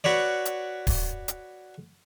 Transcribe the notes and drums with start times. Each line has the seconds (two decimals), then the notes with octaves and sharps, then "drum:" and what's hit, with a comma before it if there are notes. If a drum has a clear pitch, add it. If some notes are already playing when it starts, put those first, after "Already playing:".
0.04 F#4 B4 C#5 D5
0.45 drum: hi-hat
0.87 drum: kick D1, open hi-hat
1.28 drum: hi-hat